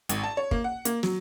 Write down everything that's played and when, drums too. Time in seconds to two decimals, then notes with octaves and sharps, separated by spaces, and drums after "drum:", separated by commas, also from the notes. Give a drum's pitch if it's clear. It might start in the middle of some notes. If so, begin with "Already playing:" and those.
0.09 G#1, drum: hi-hat
0.24 A5
0.37 C#5
0.51 A#3, drum: kick
0.64 F#5
0.85 A#3, drum: hi-hat
1.03 F#3, drum: snare